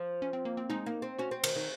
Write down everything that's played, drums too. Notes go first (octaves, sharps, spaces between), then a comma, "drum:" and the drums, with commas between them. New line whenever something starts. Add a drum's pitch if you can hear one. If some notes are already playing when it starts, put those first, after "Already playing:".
Already playing: F3
C#4
C4
A#3
C4
G#3 D#4
A#3
C4
C#4 F#4
C4
D#3, drum: cymbal
D#3